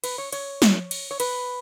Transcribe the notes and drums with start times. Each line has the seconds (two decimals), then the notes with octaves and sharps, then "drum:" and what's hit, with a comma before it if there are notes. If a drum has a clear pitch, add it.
0.04 B4, drum: cymbal
0.18 C#5
0.32 C#5, drum: cymbal
0.62 drum: snare
0.91 drum: cymbal
1.11 C#5
1.20 B4, drum: cymbal